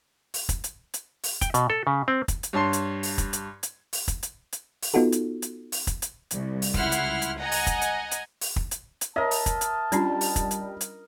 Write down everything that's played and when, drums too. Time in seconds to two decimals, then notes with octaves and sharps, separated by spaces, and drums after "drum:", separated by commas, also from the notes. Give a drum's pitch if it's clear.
0.34 drum: open hi-hat
0.49 drum: kick, hi-hat
0.64 drum: hi-hat
0.94 drum: hi-hat
1.23 drum: open hi-hat
1.41 G5, drum: kick, hi-hat
1.54 B2, drum: hi-hat
1.70 A4
1.87 C#3
2.08 C4
2.28 drum: kick, hi-hat
2.43 drum: hi-hat
2.53 G2 C#5 A5 C6 C7
2.73 drum: hi-hat
3.03 drum: open hi-hat
3.18 drum: kick, hi-hat
3.33 drum: hi-hat
3.63 drum: hi-hat
3.93 drum: open hi-hat
4.08 drum: kick, hi-hat
4.23 drum: hi-hat
4.52 drum: hi-hat
4.82 drum: open hi-hat
4.94 B3 D#4 F4 F#4 A4
5.12 drum: hi-hat
5.42 drum: hi-hat
5.72 drum: open hi-hat
5.87 drum: kick, hi-hat
6.02 drum: hi-hat
6.31 C2, drum: hi-hat
6.62 drum: open hi-hat
6.74 C#2 E4 F#5 C6 F6, drum: kick
6.92 drum: hi-hat
7.22 drum: hi-hat
7.41 D#5 F#5 G#5 A#5
7.52 drum: open hi-hat
7.67 drum: kick, hi-hat
7.81 drum: hi-hat
8.11 drum: hi-hat
8.41 drum: open hi-hat
8.56 drum: kick
8.71 drum: hi-hat
9.01 drum: hi-hat
9.16 A#4 C#5 D#5 E5 A5
9.31 drum: open hi-hat
9.46 drum: kick, hi-hat
9.61 drum: hi-hat
9.92 G3 C#4 D4 F4, drum: hi-hat
10.21 drum: open hi-hat
10.36 drum: kick, hi-hat
10.51 drum: hi-hat
10.81 drum: hi-hat